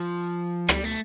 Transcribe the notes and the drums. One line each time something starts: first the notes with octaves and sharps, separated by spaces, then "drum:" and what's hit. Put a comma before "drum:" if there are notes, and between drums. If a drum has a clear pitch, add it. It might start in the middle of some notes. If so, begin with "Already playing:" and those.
Already playing: F3
G3, drum: rim click
A3